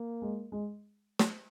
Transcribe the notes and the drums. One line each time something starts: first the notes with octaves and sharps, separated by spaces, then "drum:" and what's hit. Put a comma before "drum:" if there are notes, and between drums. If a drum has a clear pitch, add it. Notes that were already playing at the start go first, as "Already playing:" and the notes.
Already playing: A#3
G#3
G#3
drum: snare